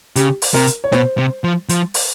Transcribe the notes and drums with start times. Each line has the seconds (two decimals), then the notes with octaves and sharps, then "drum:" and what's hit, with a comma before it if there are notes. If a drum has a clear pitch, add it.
0.16 C#3 G4, drum: hi-hat
0.42 drum: open hi-hat
0.54 C3 A#4
0.67 drum: hi-hat
0.84 C#5
0.92 B2 C5, drum: snare
1.18 C3
1.44 F3
1.69 F3, drum: hi-hat
1.94 drum: open hi-hat